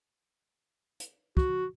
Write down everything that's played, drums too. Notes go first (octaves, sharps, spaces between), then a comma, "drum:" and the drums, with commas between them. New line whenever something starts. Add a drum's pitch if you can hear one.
drum: hi-hat
F#4, drum: kick